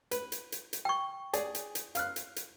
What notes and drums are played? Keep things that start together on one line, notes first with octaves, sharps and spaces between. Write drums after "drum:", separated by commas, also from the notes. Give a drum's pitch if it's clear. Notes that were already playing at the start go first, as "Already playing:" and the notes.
B4, drum: hi-hat
drum: hi-hat
drum: hi-hat
drum: hi-hat
G5 C#6
G#4 D5, drum: hi-hat
drum: hi-hat
drum: hi-hat
F5 F6 F#6, drum: hi-hat
drum: hi-hat
drum: hi-hat